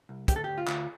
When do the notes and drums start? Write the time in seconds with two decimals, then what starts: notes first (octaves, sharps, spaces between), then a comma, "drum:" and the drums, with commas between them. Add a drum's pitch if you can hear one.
0.09 C2
0.28 D2 G4, drum: kick, hi-hat
0.36 A4
0.44 D2 G4
0.58 F4
0.68 D2, drum: clap